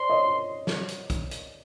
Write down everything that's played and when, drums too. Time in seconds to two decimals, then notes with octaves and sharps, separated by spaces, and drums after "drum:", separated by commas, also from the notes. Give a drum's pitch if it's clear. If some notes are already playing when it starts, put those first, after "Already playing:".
Already playing: C5 D5 C6
0.10 C#5 D#5
0.67 drum: snare
0.88 drum: hi-hat
1.10 drum: kick, hi-hat
1.31 drum: hi-hat